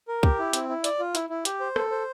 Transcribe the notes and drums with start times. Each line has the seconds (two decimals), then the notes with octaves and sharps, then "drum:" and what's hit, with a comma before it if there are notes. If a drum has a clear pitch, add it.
0.08 A#4
0.23 G4, drum: kick
0.39 E4
0.53 C4, drum: hi-hat
0.69 E4
0.84 D5, drum: hi-hat
0.99 F4
1.15 E4, drum: hi-hat
1.30 E4
1.45 G4, drum: hi-hat
1.60 C5
1.76 A4, drum: rim click
1.91 C5